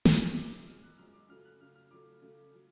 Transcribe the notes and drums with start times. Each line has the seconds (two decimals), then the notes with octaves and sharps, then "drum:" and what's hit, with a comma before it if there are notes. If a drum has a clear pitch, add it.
0.05 F#2 F3 G#3, drum: snare
0.36 F#2 F3 G#3 D6
0.68 F#2 F3 G#3 F6
0.83 F#6
0.98 F#2 F3 G#3 F6
1.13 D6
1.29 C#3 F#3 A3 F6
1.45 F#6
1.60 C#3 F#3 A3 F6
1.76 F6
1.91 C#3 F#3 A3 D6
2.21 C#3 F#3 A3
2.55 F#3